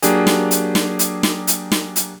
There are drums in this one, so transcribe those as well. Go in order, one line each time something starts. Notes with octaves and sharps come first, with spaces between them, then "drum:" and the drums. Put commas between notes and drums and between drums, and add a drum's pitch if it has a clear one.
F#3 A#3 D4 G4 G#4, drum: hi-hat
drum: snare
drum: hi-hat
drum: snare
drum: hi-hat
drum: snare
drum: hi-hat
drum: snare
drum: hi-hat